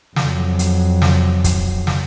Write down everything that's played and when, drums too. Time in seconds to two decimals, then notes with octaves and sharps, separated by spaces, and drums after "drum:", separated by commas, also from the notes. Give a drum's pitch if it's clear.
0.16 F2 F#3, drum: snare
0.59 drum: hi-hat
1.02 drum: snare
1.44 drum: kick, hi-hat
1.87 drum: snare